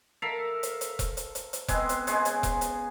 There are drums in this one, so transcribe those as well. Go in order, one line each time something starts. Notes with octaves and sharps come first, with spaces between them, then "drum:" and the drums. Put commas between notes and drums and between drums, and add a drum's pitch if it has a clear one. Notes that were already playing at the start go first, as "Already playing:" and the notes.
A4 A#4 E5 F5
drum: hi-hat
drum: hi-hat
drum: kick E1, hi-hat
drum: hi-hat
drum: hi-hat
drum: hi-hat
G#3 B3 C4 G#4, drum: kick E1, hi-hat
drum: hi-hat
C#3 G#3 B3 G#4, drum: hi-hat
drum: hi-hat
drum: kick E1, hi-hat
drum: hi-hat